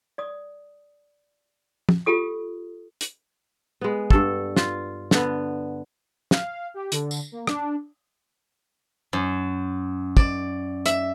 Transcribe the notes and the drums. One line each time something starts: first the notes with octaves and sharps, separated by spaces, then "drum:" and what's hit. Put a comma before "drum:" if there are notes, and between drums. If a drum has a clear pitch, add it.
D5 D#6
drum: tom
F4 G4 A4 D#6
drum: hi-hat
G#3 B3
G2 A4, drum: kick
F4, drum: snare
D3 B3, drum: snare
F5, drum: snare
G4
D3, drum: hi-hat
drum: tambourine
A#3
D4, drum: rim click
F#2
D5, drum: kick
E5, drum: hi-hat